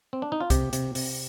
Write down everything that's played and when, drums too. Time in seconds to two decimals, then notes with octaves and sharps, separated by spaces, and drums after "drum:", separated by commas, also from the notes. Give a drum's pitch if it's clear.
0.13 C4
0.22 D4
0.32 D#4
0.40 F4
0.50 C3 G4, drum: kick, hi-hat
0.73 C3, drum: hi-hat
0.95 C3, drum: open hi-hat